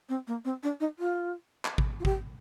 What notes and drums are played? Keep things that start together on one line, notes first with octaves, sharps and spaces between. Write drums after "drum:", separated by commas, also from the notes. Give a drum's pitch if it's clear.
C4
A#3
C4
D4
D#4
F4
drum: clap
drum: kick G#1
F4
G4, drum: kick G#1